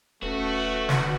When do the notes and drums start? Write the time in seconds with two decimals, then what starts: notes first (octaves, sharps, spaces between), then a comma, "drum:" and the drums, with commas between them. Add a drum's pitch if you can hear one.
0.23 D#1 A3 C#4 F#4 A4 B4
0.89 drum: snare